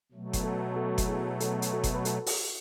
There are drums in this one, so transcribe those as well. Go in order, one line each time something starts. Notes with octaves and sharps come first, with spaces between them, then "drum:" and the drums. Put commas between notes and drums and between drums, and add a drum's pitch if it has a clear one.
B2 F#3 A3
drum: kick F#1, hi-hat
F#4 A4
F#4 A4
drum: kick F#1, hi-hat
E4 G#4
F#4 A4, drum: hi-hat
drum: hi-hat
F#4 A4
drum: kick F#1, hi-hat
B4
F#4 A4, drum: hi-hat
F#4, drum: open hi-hat